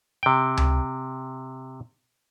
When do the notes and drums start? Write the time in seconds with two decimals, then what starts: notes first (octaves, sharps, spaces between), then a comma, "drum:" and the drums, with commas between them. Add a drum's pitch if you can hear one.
0.23 C3 G5
0.57 drum: tom C#2